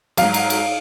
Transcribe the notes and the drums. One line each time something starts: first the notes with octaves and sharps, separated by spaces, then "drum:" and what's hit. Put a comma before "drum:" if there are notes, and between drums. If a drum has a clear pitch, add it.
G#2 F#3 F5, drum: cymbal
drum: cymbal
drum: cymbal